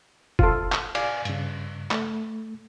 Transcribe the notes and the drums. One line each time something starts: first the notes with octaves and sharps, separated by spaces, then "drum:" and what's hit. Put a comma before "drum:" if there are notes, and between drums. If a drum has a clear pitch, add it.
F4 A4, drum: kick F1
drum: clap
D5 F5 G#5, drum: cymbal
G2 C#3, drum: hi-hat
A3, drum: clap